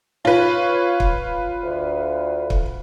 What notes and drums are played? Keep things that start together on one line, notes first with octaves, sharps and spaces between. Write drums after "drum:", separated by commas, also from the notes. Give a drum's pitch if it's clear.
F4 B4 C#5
drum: kick
D2
drum: kick